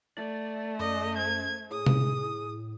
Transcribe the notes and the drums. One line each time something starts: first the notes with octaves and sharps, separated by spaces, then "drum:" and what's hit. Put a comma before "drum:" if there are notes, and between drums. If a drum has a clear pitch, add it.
A3 D5
F#2 D5 D#5
C5 G#6
A2 G#4 D#6
drum: tom C3